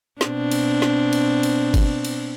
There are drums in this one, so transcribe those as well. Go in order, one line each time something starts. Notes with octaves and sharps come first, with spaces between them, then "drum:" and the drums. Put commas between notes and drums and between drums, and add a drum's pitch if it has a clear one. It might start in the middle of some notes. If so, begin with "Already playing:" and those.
B2 C4 D4, drum: snare
drum: cymbal
drum: snare
drum: cymbal
drum: cymbal
drum: kick G1, cymbal
drum: cymbal